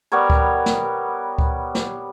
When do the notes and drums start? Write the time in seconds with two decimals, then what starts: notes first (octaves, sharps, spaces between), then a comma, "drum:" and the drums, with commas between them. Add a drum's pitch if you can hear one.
0.12 G3 B3 A#4 C#5
0.30 drum: kick C#2
0.66 drum: snare
1.38 drum: kick C#2
1.75 drum: snare